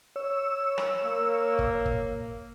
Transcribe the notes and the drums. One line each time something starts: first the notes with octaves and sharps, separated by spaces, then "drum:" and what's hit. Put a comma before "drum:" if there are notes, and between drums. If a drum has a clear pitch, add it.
C#5 E6
drum: rim click
A#3
drum: kick
drum: kick